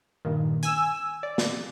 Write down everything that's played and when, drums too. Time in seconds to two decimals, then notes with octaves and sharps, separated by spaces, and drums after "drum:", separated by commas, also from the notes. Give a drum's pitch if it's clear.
0.25 G2 A#2 D#3
0.63 G#5 E6, drum: hi-hat
1.23 D5
1.38 drum: snare